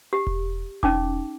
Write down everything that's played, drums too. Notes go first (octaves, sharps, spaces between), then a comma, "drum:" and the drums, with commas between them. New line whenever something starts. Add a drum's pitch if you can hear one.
G4
drum: kick E1
C#4 D#4 D6, drum: kick E1